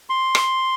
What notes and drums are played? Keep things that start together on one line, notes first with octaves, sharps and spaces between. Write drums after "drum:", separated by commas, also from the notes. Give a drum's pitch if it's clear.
C6
drum: rim click